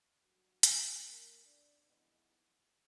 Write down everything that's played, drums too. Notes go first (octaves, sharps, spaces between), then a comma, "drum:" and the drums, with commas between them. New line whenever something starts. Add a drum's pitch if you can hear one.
G2 D3 F#3 G3 F#4
G#3 G#4, drum: hi-hat
A#3 A#4
D4 D5
F2 C3 E3 G#3 B3 D#4 D#5